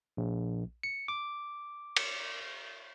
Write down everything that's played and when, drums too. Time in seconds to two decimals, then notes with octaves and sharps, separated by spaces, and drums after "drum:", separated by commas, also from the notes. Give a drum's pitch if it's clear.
0.17 A#1
0.83 C#7
1.08 D6
1.97 drum: cymbal